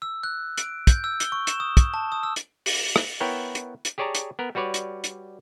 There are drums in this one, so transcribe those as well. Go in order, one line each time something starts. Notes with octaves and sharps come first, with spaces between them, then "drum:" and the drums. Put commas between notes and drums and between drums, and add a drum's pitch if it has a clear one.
E6
F#6
D7, drum: hi-hat
G6, drum: kick, hi-hat
E6
G7, drum: hi-hat
C#6
E7, drum: hi-hat
D#6
drum: kick, hi-hat
A5
D#6
E6
drum: hi-hat
drum: open hi-hat
drum: rim click
B3 E4 A#4 C#5 G5
drum: hi-hat
drum: hi-hat
G4 G#4 C#5 D5 A5 A#5
drum: hi-hat
B3 A#4
G3 F#4 B4 C#5 D5
drum: hi-hat
drum: hi-hat